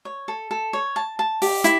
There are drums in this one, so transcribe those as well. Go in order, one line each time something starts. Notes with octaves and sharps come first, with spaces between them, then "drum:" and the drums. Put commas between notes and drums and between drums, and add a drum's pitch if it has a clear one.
C#5
A4
A4
C#5
A5
A5
G4, drum: open hi-hat
E4, drum: hi-hat